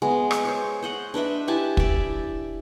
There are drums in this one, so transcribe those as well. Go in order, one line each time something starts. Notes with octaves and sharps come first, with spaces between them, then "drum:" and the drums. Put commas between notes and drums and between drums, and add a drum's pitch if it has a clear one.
G#3 B3
drum: rim click
C5 C#5
C5 D#5 F#5
D4 B4 D#5 E5
E4 G4 G#5 A5
D5 E5, drum: kick